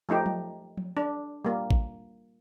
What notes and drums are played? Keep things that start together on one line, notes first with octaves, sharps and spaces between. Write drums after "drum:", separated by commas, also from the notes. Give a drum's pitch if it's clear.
F3 A3 D#4 G4
drum: tom F3
drum: tom F3
D4
G3 A#3
drum: kick